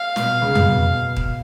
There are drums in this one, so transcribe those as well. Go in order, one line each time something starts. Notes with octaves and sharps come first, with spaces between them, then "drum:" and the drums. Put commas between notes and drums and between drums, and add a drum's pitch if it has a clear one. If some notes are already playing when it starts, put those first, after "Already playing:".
Already playing: F5
B2, drum: snare
C#2 C#3
B2, drum: tom F2
drum: kick D#1